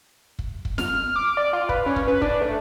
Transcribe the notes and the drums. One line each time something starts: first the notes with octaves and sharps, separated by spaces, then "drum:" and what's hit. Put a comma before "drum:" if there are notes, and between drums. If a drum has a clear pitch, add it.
drum: kick
drum: kick
F6, drum: snare
D6
D5
F4
B4, drum: kick
C#4
drum: kick
B4
D4, drum: kick
A3